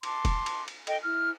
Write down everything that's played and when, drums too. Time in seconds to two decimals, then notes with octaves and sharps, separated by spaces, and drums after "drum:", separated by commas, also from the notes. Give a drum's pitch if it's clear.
0.03 A5 C6 D6, drum: cymbal
0.25 drum: kick E1, cymbal
0.46 drum: cymbal
0.68 drum: cymbal
0.87 A4 D#5 G5, drum: cymbal
1.03 E4 F6